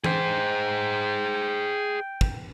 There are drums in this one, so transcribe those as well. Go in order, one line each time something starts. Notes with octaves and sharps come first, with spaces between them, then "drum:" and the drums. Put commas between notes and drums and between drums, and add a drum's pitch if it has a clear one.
G#4 C5 G5, drum: tom E3
drum: kick